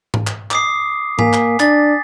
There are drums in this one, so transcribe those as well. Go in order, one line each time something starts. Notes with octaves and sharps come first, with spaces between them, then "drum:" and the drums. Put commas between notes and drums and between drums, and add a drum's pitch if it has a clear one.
drum: tom G#2
drum: clap
D6 D#6 C7, drum: clap
A#3 G#5 B6, drum: tom G#2
drum: clap
D4 A6, drum: clap